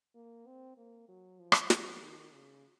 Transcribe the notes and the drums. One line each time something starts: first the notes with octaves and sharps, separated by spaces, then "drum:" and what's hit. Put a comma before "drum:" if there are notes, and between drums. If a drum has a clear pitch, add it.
A#3
C4
A#3
F#3
F3
drum: rim click
F3, drum: snare
D#3
C#3